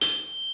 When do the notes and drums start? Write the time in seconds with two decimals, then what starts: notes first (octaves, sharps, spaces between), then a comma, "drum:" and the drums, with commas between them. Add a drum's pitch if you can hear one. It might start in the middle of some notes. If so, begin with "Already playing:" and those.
0.01 G7, drum: hi-hat